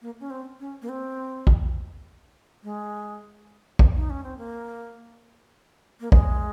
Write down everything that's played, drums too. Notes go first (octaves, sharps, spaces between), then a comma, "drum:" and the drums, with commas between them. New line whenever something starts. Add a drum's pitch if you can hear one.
A#3
C#4
C4
C#4
A#3
C4
drum: kick
G#3
drum: kick
D#4
C#4
C4
A#3
A#3
G#3, drum: kick